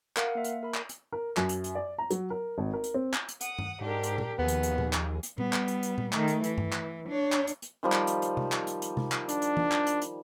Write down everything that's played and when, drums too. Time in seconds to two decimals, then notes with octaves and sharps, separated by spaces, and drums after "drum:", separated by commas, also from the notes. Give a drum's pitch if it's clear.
0.17 A#4 F5 F#5, drum: clap
0.35 A#3 E5
0.44 drum: hi-hat
0.63 A#4 B5
0.74 drum: clap
0.89 drum: hi-hat
1.13 A#4
1.37 F#2, drum: clap
1.49 drum: hi-hat
1.64 drum: hi-hat
1.75 D5
1.98 A#5
2.10 F#3, drum: hi-hat
2.30 A#4
2.58 G#1
2.73 A#4
2.84 drum: hi-hat
2.94 C4
3.14 drum: clap
3.29 drum: hi-hat
3.41 F#5 D#6, drum: hi-hat
3.59 drum: tom G2
3.81 G#2 D4 G4 A#4
4.03 drum: hi-hat
4.18 drum: tom A#2
4.39 D#2 F3 B3 G#4
4.48 drum: hi-hat
4.63 drum: hi-hat
4.78 drum: tom A#2
4.93 drum: clap
5.23 drum: hi-hat
5.38 G3 B3, drum: tom A#2
5.53 drum: clap
5.68 drum: hi-hat
5.83 drum: hi-hat
5.98 drum: tom A#2
6.13 D#3 A3, drum: clap
6.28 drum: hi-hat
6.44 E3, drum: hi-hat
6.58 drum: tom G2
6.73 drum: clap
7.09 D4 C#5
7.32 drum: clap
7.47 drum: hi-hat
7.62 drum: hi-hat
7.83 D#3 F3 G3
7.92 drum: clap
8.07 drum: hi-hat
8.22 drum: hi-hat
8.37 drum: tom C3
8.52 drum: clap
8.67 drum: hi-hat
8.82 drum: hi-hat
8.97 drum: tom C3
9.12 drum: clap
9.29 D4, drum: hi-hat
9.42 drum: hi-hat
9.57 drum: tom
9.72 drum: clap
9.87 drum: hi-hat
10.02 drum: hi-hat